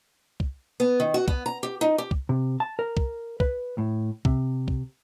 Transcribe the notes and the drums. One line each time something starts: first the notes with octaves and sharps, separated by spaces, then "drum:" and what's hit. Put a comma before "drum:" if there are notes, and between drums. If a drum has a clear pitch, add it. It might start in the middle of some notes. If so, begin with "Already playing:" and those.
drum: kick
B3
D#3
F#4
B3, drum: kick
A#5
G4
D#4
G4
drum: kick
C3
A5
A#4
drum: kick
B4, drum: kick
A2
C3, drum: kick
drum: kick